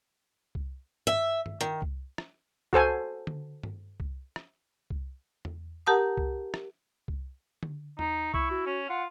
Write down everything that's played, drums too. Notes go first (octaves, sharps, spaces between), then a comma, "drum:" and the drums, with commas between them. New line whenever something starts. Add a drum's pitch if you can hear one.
drum: kick C2
E5, drum: tom G2
drum: tom G2
D#3
drum: kick C2
drum: rim click
F#4 A4 C5 G#5, drum: kick C2
drum: tom D3
drum: tom G2
drum: kick C2
drum: rim click
drum: kick C2
drum: tom E2
G4 A#4 F#5 A5 A#5 D#6
drum: kick C2
drum: rim click
drum: kick C2
drum: tom D3
D#4, drum: tom E2
E4 C#6, drum: kick C2
F#4
C#4
F4 F#5